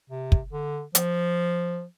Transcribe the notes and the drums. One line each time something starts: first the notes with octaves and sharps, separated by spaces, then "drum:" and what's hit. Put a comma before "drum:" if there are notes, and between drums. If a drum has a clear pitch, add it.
C3
drum: kick
D3
F3, drum: hi-hat